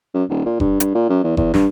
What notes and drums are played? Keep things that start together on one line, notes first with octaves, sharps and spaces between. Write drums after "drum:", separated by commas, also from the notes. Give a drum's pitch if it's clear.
F#2
D#1
A#2
G2, drum: kick F#1
G2, drum: hi-hat
A#2
F#2
E2
E2, drum: kick F#1
G2, drum: snare